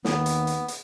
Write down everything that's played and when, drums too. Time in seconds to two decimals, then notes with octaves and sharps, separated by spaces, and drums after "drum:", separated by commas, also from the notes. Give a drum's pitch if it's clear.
0.05 D#2 B3, drum: snare
0.26 drum: hi-hat
0.47 drum: hi-hat
0.68 drum: hi-hat